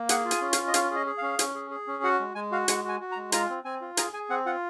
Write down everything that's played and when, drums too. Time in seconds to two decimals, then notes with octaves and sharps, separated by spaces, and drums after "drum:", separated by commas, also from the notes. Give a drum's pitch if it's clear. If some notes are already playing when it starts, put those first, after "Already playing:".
Already playing: A#3
0.09 G#4 F#5, drum: hi-hat
0.25 F4
0.31 G#5, drum: hi-hat
0.41 C#4
0.53 F5, drum: hi-hat
0.57 F4
0.67 D#5
0.74 C#4 F5, drum: hi-hat
0.91 G#4 D#5
1.07 G#4
1.18 C#4 F5
1.39 C#4, drum: hi-hat
1.55 G#4
1.71 G#4
1.87 C#4
2.03 F#4 F#5
2.20 G#3
2.35 G#3 G#5
2.52 F#4 F5
2.68 G#3 F#5, drum: hi-hat
2.84 F#4 G#5
3.00 F#4
3.12 A#5
3.16 G#3
3.32 F4 A#5, drum: hi-hat
3.49 C4
3.64 C4 G#5
3.81 F4
3.97 G#4 A#5, drum: hi-hat
4.13 G#4 G#5
4.30 C4 F#5
4.46 F4 F#5